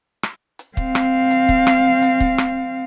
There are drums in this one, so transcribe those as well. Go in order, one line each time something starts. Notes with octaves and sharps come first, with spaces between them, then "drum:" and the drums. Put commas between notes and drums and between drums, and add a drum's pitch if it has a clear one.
drum: rim click
drum: hi-hat
C4 F5, drum: kick
drum: rim click
drum: hi-hat
drum: kick
drum: rim click
drum: hi-hat
drum: kick
drum: rim click